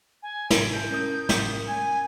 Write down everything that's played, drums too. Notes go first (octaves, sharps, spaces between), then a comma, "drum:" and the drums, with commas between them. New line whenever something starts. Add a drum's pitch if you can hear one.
G#5
D7, drum: snare
E4 A5 G6
C#4 A#4 D#6
drum: snare
G#5 G#6